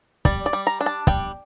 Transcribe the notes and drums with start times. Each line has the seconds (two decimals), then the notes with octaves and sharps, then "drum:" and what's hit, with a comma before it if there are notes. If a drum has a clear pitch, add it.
0.25 G3 D5, drum: kick
0.46 D5
0.53 G3
0.67 A#5
0.81 D4
0.86 A5
1.07 G3 G5, drum: kick